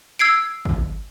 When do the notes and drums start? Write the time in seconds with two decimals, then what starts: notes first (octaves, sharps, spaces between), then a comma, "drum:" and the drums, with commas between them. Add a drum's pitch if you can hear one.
0.19 E6 G#6 C7 D7
0.65 drum: kick